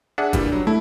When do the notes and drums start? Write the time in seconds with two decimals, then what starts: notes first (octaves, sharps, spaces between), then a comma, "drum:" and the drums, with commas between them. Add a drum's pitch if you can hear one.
0.18 D4 G#4 E5 F#5
0.33 A#2 E3 G3, drum: kick, hi-hat
0.52 F#3
0.67 A3 E4